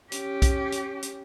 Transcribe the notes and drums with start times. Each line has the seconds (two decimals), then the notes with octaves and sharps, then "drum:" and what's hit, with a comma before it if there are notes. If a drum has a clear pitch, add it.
0.12 C#4 G4, drum: hi-hat
0.42 drum: kick B1, hi-hat
0.72 drum: hi-hat
1.03 drum: hi-hat